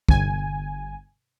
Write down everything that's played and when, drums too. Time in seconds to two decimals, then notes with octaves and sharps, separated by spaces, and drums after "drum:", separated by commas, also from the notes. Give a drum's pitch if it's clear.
0.09 G1 G#5, drum: kick